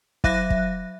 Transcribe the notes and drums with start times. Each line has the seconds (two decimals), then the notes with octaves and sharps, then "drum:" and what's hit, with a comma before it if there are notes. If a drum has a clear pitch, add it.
0.24 F#3 E5 F#6 A#6, drum: kick
0.50 drum: kick